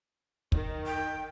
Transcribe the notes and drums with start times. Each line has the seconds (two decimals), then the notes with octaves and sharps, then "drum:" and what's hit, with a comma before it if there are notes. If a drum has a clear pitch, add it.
0.52 D#3, drum: kick
0.86 G5